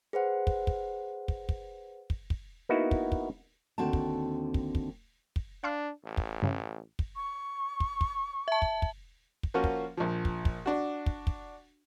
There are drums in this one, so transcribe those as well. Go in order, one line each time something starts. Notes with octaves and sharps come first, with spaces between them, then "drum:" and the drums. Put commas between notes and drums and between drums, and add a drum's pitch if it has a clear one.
G#4 B4 C5 F#5
drum: kick
drum: kick
drum: kick
drum: kick
drum: kick
drum: kick
A#3 B3 D#4 E4 F#4
drum: kick
drum: kick
D#2 D3 C4 F#4 G5 A5
drum: kick
drum: kick
drum: kick
drum: kick
D4 F5 C6 F#6
A1
drum: kick
G2 C#3
drum: kick
C#6
drum: kick
drum: kick
E5 A5
drum: kick
drum: kick
drum: kick
F3 A#3 C#4 F4 F#4
drum: kick
A#1 F3
drum: kick
drum: kick
D4 F#4
drum: kick
drum: kick